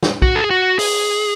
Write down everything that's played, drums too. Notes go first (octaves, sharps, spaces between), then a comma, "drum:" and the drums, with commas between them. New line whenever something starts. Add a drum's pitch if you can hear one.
drum: snare
F#4, drum: kick
A4
G#4
F#4
G#4, drum: open hi-hat